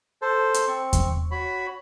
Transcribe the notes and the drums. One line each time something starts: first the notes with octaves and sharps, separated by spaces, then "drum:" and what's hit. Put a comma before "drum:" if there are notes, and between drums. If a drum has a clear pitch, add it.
A4 C5
drum: hi-hat
C4 C#6
drum: kick E2, hi-hat
F#4 C#5 B5